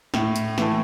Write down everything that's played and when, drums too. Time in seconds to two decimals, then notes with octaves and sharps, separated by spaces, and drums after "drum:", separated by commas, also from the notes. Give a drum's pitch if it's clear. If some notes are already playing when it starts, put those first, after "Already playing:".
0.14 A2, drum: snare
0.36 drum: hi-hat
0.58 E3 A3, drum: snare